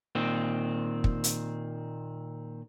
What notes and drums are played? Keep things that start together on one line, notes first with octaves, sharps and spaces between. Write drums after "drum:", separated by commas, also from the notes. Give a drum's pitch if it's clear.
A#2 D#3 C4
drum: kick
drum: hi-hat